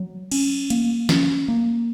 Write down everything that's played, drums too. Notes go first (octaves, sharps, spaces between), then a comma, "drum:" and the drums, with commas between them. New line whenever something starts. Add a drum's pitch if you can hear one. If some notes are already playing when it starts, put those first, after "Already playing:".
Already playing: F#3
C#4, drum: cymbal
A#3, drum: hi-hat
C#4, drum: snare
A#3